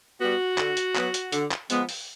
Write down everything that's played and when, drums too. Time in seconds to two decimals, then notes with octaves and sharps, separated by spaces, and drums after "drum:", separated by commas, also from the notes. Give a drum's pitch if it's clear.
0.21 G3 B3 F#4
0.58 D3, drum: clap
0.77 drum: hi-hat
0.96 F#3 B3, drum: clap
1.14 drum: hi-hat
1.32 D3, drum: hi-hat
1.51 drum: clap
1.70 F3 G#3 B3, drum: hi-hat
1.89 drum: open hi-hat